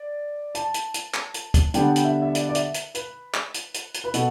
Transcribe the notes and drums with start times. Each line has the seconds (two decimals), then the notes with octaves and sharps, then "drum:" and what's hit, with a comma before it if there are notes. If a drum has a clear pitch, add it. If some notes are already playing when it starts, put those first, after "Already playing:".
Already playing: D5
0.55 A5, drum: hi-hat
0.74 drum: hi-hat
0.94 drum: hi-hat
1.14 drum: clap
1.34 drum: hi-hat
1.54 drum: kick, hi-hat
1.74 D3 G3 B3 D4 G5, drum: hi-hat
1.96 G5, drum: hi-hat
2.05 E5
2.22 E5
2.35 D5, drum: hi-hat
2.49 D5
2.55 E5, drum: hi-hat
2.74 drum: hi-hat
2.95 B4, drum: hi-hat
3.34 drum: clap
3.54 drum: hi-hat
3.74 drum: hi-hat
3.94 drum: hi-hat
4.04 B4
4.14 B2 A4, drum: hi-hat